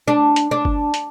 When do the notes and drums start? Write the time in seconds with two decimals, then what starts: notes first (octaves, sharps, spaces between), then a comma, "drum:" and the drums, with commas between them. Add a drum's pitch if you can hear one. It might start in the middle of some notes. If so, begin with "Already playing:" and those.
0.08 D4
0.36 drum: hi-hat
0.51 D4
0.65 drum: kick G1
0.94 drum: hi-hat